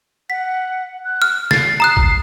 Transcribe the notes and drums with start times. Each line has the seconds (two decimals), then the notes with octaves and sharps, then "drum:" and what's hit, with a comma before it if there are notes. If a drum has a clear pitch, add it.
0.30 F#5 B6
1.05 F#6
1.22 F6
1.51 A6 C7, drum: snare
1.80 A#5 D#6 F#6
1.97 drum: kick